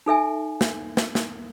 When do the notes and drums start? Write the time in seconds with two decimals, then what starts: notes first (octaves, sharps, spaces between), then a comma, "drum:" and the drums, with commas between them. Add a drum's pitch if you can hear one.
0.06 D#4 A4 E5 G#5
0.61 drum: snare
0.97 drum: snare
1.15 drum: snare